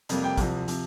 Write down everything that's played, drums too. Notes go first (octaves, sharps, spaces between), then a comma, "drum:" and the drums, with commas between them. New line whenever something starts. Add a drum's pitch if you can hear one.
F2 C3 G3 A#3, drum: hi-hat
G5
C2 C3 F3, drum: kick, hi-hat
C3 F3, drum: hi-hat